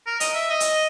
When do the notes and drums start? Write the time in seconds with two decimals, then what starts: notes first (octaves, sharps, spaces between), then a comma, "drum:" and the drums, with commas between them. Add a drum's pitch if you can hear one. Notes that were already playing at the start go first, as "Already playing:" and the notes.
0.06 A#4
0.20 D#5, drum: hi-hat
0.34 E5
0.50 D#5
0.60 drum: hi-hat